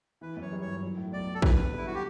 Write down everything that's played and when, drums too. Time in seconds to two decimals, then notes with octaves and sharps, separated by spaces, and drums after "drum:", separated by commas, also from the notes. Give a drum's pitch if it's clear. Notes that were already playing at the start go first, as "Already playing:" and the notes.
0.21 E3 B4
0.37 F#2 C#5
0.52 G3
0.61 C#5
0.67 G1
0.82 F#3
0.97 A2
1.12 B1 D5
1.28 B1
1.35 A4
1.42 D3 B4, drum: kick
1.58 E2
1.73 G3 E4
1.87 F#4
1.94 G4